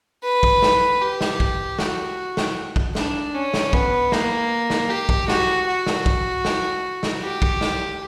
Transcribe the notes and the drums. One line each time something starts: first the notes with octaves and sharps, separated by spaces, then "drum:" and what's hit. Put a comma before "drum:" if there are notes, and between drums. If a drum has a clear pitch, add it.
B4
drum: kick
drum: snare
G4
drum: snare
drum: kick
F#4, drum: snare
drum: snare
drum: kick
D4, drum: snare
C#4
drum: snare
B3, drum: kick
A#3, drum: snare
drum: snare
G4
drum: kick
F#4, drum: snare
F#4
drum: snare
drum: kick
drum: snare
drum: snare
G4
drum: kick
drum: snare